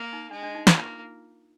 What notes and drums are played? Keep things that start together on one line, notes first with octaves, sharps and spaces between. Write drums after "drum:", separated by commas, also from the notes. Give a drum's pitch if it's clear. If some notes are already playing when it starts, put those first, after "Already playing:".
Already playing: A#3
D#4
G#3 D4
D4
D#4
A#3 F4, drum: snare